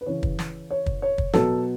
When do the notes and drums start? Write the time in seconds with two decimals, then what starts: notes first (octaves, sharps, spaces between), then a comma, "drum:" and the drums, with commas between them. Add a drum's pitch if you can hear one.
0.01 B4
0.06 C#3 E3 C#5
0.23 drum: kick
0.39 drum: snare
0.70 C#5
0.86 drum: kick
1.02 C#5
1.18 drum: kick
1.33 B2 F#3 A4, drum: snare